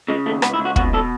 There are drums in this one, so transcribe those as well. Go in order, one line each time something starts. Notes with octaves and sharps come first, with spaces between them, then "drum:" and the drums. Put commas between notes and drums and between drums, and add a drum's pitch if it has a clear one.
C#3 G#3
D#2 A3
C#2 B3, drum: rim click
E4
C#2
F#4
B2 F#4, drum: kick
B2 A4